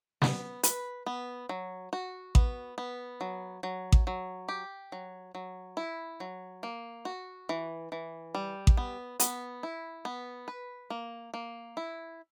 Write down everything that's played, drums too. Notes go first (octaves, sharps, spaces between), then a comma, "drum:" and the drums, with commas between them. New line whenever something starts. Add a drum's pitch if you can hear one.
B3, drum: snare
B4, drum: hi-hat
B3
F#3
F#4
B3, drum: kick A1
B3
F#3
F#3
drum: kick A1
F#3
G4
F#3
F#3
E4
F#3
A#3
F#4
E3
E3
G3
drum: kick A1
B3
B3, drum: hi-hat
E4
B3
B4
A#3
A#3
E4